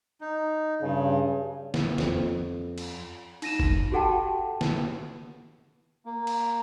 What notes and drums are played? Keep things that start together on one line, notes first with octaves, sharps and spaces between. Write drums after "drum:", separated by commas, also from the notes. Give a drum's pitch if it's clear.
D#4
G2 C#3
drum: snare A#3
F2, drum: snare A#3
drum: cymbal
D#4 A#6 D#7 E7, drum: cymbal
drum: kick
F#4 G4 A4 F#5 G5 A5
drum: snare A#3
A#3
drum: cymbal